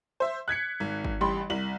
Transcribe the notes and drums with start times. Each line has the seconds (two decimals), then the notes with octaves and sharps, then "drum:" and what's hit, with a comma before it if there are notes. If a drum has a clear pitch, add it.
0.20 C5 E5
0.48 F#6 G#6 B6 C#7
0.80 G#1
1.04 drum: kick
1.21 A1 G3 B5 C6
1.50 C2 F#7